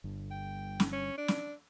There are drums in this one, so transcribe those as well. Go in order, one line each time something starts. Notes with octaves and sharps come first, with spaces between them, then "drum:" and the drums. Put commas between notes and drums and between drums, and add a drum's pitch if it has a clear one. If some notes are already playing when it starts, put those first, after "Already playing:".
G1 G2
G5
drum: snare
C#4
D4
drum: snare